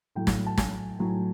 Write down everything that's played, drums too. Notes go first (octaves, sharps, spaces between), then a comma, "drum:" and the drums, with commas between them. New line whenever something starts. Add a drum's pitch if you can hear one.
A2 F#3 A3 G5
drum: snare
A5
G#5, drum: snare
A2 F#3 A3